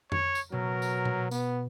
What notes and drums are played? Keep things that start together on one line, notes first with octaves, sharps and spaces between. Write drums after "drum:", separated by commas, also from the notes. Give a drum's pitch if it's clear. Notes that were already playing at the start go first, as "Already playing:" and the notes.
C#5, drum: tom F2
drum: tambourine
B2 F#3 A#4
drum: tambourine
drum: tom A#2
B3, drum: tambourine